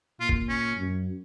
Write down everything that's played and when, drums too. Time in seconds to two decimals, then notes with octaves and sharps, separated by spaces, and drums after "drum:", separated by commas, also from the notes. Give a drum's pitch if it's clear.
0.20 A#2 F4
0.29 drum: kick
0.49 C#4
0.77 F#2